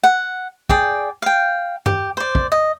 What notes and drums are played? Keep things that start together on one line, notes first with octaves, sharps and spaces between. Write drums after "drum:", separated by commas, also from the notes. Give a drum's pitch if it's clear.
F#5
G#4 D5 G5, drum: kick
F5 G5
G4, drum: tom G2
C5 D5
drum: kick
D#5